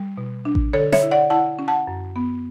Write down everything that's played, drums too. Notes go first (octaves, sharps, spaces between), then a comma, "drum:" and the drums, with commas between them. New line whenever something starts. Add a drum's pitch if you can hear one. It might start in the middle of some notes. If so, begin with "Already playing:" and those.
Already playing: G3
B2
D4
drum: kick A1
D3 A4 C#5
C#5 E5, drum: snare
E4
D5 F#5
E4 F#5 A5
C#4
F#5 A5
F#2
B3